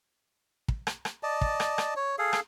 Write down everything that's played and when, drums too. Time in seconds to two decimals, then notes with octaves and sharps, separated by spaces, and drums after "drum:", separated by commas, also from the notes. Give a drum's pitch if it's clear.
0.68 drum: kick
0.87 drum: rim click
1.05 drum: rim click
1.23 D5 D#5 A5
1.41 drum: kick
1.60 drum: rim click
1.78 drum: rim click
1.96 C#5
2.18 G#4 A4 F5
2.33 drum: rim click